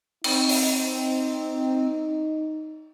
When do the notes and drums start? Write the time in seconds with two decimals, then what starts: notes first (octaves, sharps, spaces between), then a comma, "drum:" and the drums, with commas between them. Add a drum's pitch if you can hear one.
0.24 C4 D#4, drum: cymbal
0.49 drum: open hi-hat